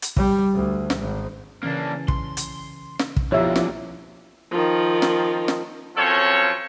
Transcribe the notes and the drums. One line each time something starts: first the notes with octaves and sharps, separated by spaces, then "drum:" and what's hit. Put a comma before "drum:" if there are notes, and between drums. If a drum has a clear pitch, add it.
drum: hi-hat
G3, drum: kick
D2
drum: snare
G#1
C#3 E3 A#3 C#4 D4
C6, drum: kick
drum: hi-hat
drum: snare
drum: kick
B2 D3 F3 A#3 E4 G4 C#5 E5
drum: snare
D#3 F3
drum: snare
drum: snare
F#2 F3 C4 A4 C#5